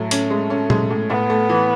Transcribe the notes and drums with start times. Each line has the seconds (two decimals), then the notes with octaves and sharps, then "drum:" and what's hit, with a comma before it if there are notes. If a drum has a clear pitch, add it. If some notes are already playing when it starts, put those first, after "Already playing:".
Already playing: A2 F#3 A3
0.11 C#4, drum: hi-hat
0.30 G#3
0.50 C#4
0.70 G#3, drum: tom A#2
0.90 A2
1.09 A2 B3
1.30 A3
1.49 E3